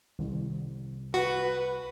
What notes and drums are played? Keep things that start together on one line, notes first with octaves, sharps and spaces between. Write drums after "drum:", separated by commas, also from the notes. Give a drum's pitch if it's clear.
C2, drum: tom D#3
F#4 B4